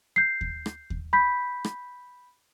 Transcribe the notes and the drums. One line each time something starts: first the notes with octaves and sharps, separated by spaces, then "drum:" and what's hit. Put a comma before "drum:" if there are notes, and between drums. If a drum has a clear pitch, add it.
G6 C7
drum: kick D#2
drum: rim click
drum: kick D#2
B5 G6 B6
drum: rim click